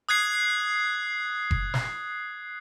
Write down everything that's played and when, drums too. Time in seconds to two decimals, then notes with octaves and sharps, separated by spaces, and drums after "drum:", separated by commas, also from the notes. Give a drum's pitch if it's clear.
0.09 D#6 F#6 G#6 C7
1.51 drum: kick F#1
1.74 drum: snare